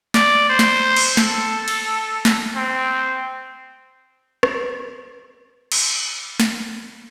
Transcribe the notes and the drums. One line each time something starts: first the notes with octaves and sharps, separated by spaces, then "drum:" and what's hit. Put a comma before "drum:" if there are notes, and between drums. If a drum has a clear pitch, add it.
D5, drum: snare
C5
drum: snare
drum: cymbal
A4, drum: snare
drum: cymbal
drum: snare
C4
drum: rim click
drum: cymbal
drum: snare